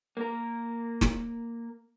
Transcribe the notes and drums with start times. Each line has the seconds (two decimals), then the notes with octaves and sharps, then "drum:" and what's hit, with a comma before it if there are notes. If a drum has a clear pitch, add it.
0.17 A#3 A#4
1.01 drum: snare